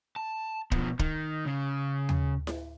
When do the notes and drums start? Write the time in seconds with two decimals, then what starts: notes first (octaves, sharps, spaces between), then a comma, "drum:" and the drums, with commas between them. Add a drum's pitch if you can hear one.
0.16 A5
0.71 B2 F3, drum: kick
0.99 D#3, drum: kick
1.46 C#3
2.09 drum: tom
2.47 drum: snare E4